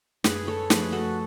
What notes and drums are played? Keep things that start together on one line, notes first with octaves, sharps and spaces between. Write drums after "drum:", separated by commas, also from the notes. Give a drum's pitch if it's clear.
F#2 G#4 B4, drum: snare
A4 C#5
F3 A3 G#4 B4, drum: snare
F#4 A4